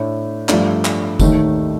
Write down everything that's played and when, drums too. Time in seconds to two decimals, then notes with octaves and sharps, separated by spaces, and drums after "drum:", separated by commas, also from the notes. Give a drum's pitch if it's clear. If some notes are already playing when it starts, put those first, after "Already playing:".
Already playing: A2 A3 D4
0.49 G2 F3 A3 D4, drum: clap
0.85 drum: clap
1.20 D#2 D#3 A3 D#4, drum: kick F1, tambourine